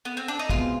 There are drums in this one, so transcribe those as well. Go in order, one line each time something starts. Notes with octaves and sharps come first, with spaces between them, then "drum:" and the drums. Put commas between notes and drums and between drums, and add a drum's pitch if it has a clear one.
B3
C4
D4
D#4
B1 B2 G#3 C4 F4, drum: kick